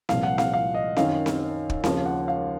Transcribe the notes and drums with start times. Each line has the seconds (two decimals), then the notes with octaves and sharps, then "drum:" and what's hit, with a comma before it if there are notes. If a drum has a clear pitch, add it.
0.09 C2 A#2 F3 F5, drum: snare C4
0.23 F#5
0.38 F5, drum: snare C4
0.54 F5
0.74 D#5
0.96 F#2 D#3 F5, drum: snare C4
1.26 drum: snare C4
1.70 drum: kick
1.84 D#2 C#3 F3 F5, drum: snare C4
2.06 F#5
2.28 F5